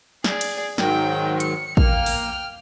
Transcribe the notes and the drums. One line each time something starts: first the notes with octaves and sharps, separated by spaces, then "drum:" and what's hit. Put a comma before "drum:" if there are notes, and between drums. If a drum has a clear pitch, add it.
G#4 D5, drum: snare
drum: cymbal
G#2 D#3 F#3 G5, drum: snare
C#7, drum: hi-hat
A#3 G5 F6, drum: kick A1
drum: open hi-hat